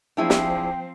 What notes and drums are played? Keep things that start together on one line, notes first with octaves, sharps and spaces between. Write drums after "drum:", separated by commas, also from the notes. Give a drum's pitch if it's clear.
F3 C4 D4 E4 G#4 G5
drum: snare